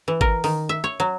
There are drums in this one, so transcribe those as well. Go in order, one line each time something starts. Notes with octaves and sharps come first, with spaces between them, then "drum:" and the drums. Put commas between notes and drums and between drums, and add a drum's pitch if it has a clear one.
E3
A#4, drum: kick G#1
D#3, drum: open hi-hat
E5
C#5
F#3